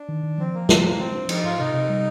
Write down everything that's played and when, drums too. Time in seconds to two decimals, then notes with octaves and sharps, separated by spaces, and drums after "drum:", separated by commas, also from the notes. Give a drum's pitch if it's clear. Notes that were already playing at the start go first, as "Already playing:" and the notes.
Already playing: D4
0.09 D#3
0.24 D#3
0.38 F3 C4
0.54 F3 A#3
0.69 F3 C4, drum: snare
0.84 G#3 A#3
0.99 G#3 C4
1.14 D4
1.29 F3 D#4, drum: cymbal
1.44 G#2 F4
1.59 C3 D#4
1.74 C3
1.90 G3